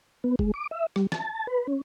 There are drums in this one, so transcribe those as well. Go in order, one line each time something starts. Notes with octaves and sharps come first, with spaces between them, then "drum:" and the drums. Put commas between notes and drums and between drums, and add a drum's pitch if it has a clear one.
B3
G#3, drum: kick
D6
E5
G3, drum: rim click
A5, drum: snare
B4
C#4